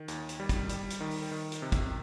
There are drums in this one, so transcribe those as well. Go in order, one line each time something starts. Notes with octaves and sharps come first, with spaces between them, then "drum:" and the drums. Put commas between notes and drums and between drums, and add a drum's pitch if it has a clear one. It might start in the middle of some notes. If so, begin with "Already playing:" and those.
Already playing: D#3
D#2, drum: hi-hat
drum: hi-hat
G3
drum: kick, hi-hat
G3, drum: hi-hat
drum: hi-hat
D#3
drum: open hi-hat
D#3
drum: hi-hat
C3
drum: kick, hi-hat